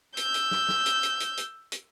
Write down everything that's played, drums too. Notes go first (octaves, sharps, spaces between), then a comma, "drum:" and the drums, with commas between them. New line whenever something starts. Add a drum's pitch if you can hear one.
E6 G6, drum: hi-hat
drum: hi-hat
drum: snare
drum: snare
drum: hi-hat
drum: hi-hat
drum: hi-hat
drum: hi-hat
drum: hi-hat